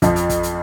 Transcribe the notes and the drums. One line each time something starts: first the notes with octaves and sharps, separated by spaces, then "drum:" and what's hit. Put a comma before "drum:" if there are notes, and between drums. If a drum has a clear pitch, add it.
F2 F3, drum: kick, hi-hat
drum: hi-hat
drum: kick, hi-hat
drum: hi-hat